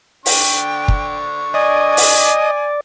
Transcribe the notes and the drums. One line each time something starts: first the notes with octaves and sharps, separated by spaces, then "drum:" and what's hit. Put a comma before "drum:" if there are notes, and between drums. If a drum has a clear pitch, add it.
D3 D4 G5 C#6, drum: open hi-hat
drum: kick
D5 D#5 G#5
drum: open hi-hat